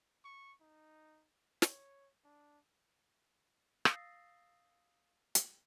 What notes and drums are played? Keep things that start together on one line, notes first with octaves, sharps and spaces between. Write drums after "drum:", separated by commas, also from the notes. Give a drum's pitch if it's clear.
C#6
D#4
C#5, drum: snare
D4
F5 D#6 E6 A6 A#6 C7, drum: rim click
drum: hi-hat